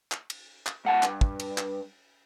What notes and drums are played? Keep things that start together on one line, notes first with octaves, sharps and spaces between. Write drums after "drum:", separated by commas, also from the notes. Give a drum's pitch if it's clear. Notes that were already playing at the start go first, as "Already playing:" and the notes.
drum: clap
drum: cymbal
drum: clap
G#2 F#5 A5
G2, drum: clap
drum: kick
drum: cymbal
drum: clap